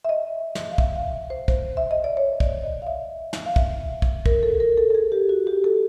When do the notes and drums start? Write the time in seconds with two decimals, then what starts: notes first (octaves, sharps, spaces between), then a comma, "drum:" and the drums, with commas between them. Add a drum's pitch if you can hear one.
0.05 E5
0.09 D#5
0.55 drum: snare
0.72 F5
0.78 E5, drum: kick
0.96 F5
1.30 C5
1.48 C5, drum: kick
1.77 E5
1.91 D#5
2.04 D5
2.17 C#5
2.40 D5, drum: kick
2.64 D#5
2.82 F5
2.87 E5
3.33 drum: snare
3.46 F5
3.56 E5, drum: kick
4.02 drum: kick
4.26 A#4, drum: kick
4.43 A4
4.60 A#4
4.77 A4
4.90 A4
4.95 G#4
5.12 G4
5.29 F#4
5.47 G4
5.64 A4